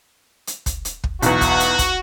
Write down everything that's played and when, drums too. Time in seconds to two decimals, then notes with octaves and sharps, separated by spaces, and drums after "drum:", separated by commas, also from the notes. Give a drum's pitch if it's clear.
0.47 drum: hi-hat
0.66 drum: kick, hi-hat
0.85 drum: hi-hat
1.04 drum: kick
1.22 B1 E2 F#4 F#5, drum: hi-hat
1.41 drum: kick, hi-hat
1.60 drum: hi-hat
1.79 drum: kick, hi-hat